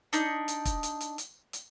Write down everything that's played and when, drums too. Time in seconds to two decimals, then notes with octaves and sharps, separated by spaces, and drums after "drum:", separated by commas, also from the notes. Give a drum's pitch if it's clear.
0.13 D4 D#4, drum: hi-hat
0.48 drum: hi-hat
0.65 drum: kick, hi-hat
0.83 drum: hi-hat
1.01 drum: hi-hat
1.18 drum: hi-hat
1.53 drum: hi-hat